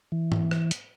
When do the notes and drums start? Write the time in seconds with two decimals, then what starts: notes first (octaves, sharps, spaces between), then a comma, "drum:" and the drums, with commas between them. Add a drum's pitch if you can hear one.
0.12 E3
0.32 drum: tom G#2
0.51 drum: rim click
0.71 drum: hi-hat